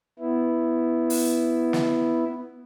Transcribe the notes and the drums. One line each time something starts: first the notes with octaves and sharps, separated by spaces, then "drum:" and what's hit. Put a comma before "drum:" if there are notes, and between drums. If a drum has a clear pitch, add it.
B3 E4
drum: open hi-hat
drum: snare